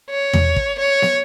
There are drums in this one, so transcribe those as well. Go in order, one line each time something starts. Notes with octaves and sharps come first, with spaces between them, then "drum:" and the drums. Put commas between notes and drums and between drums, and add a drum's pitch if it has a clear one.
C#5
drum: tom E2
drum: kick
C#5
drum: snare